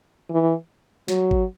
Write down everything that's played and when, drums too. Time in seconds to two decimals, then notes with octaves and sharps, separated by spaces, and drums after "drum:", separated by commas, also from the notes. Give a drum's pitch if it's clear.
0.30 E3
1.08 F#3, drum: snare
1.31 drum: kick G#1